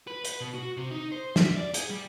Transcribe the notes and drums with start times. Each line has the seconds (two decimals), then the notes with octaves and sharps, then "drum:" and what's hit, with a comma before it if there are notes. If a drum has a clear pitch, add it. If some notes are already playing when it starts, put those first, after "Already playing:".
0.07 B4
0.25 B4, drum: hi-hat
0.41 B2
0.55 F#4
0.77 C3
0.91 D#4
1.12 C5
1.36 E5, drum: snare
1.56 D5
1.74 G#4, drum: hi-hat
1.90 G3